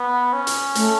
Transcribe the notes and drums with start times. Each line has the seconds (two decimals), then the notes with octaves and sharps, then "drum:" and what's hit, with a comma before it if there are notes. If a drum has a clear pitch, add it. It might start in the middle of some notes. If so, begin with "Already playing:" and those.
Already playing: B3
0.33 C#4
0.47 drum: hi-hat
0.75 A3, drum: hi-hat